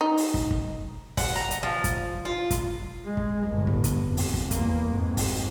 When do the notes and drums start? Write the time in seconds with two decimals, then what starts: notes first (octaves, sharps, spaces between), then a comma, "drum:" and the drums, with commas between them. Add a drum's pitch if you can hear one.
0.01 D#4
0.17 drum: open hi-hat
0.34 drum: kick
0.51 drum: kick
1.17 F#5, drum: kick, open hi-hat
1.36 A#5
1.51 drum: hi-hat
1.63 F3
1.84 drum: kick, hi-hat
2.25 F4
2.51 drum: kick, hi-hat
3.05 G#3
3.17 drum: kick
3.47 G1 A2
3.67 drum: kick
3.84 drum: kick, hi-hat
4.07 F2
4.17 drum: open hi-hat
4.34 drum: kick
4.51 E2 A#3, drum: kick, hi-hat
4.89 F2 G#2
5.17 drum: kick, open hi-hat